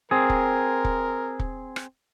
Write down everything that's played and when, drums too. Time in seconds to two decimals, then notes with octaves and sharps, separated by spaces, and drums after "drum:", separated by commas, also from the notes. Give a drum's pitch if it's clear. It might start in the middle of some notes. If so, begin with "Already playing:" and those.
0.11 C4 G#4 A#4
0.30 drum: kick
0.85 drum: kick
1.39 drum: kick
1.76 drum: rim click